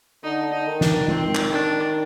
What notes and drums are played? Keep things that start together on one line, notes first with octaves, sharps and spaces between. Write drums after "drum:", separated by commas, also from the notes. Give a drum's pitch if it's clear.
D3 D#4
D#4
D#3
D4, drum: snare
D#3 C4, drum: tom G#3
drum: clap
D4